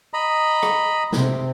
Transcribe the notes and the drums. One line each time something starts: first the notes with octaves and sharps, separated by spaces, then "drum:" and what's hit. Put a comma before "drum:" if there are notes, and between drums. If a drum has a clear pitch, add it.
D#5 A#5 B5
drum: rim click
C3, drum: snare